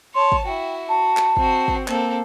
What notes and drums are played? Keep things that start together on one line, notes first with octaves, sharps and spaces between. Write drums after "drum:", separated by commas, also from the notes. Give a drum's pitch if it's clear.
C#5 A5 C6
drum: kick
E4 F#4 G5
F#4 A5
drum: clap
C4 F#4, drum: kick
drum: kick
A#3 C4 A4, drum: clap